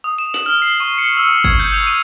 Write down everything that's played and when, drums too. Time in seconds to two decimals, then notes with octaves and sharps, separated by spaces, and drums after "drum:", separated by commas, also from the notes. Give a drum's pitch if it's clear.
0.04 D#6
0.18 E7
0.34 F#7, drum: snare
0.46 F6
0.62 C7
0.80 C#6
0.98 C#7
1.17 E6
1.44 G#6, drum: kick G1
1.60 G6
1.74 F7
1.87 D#7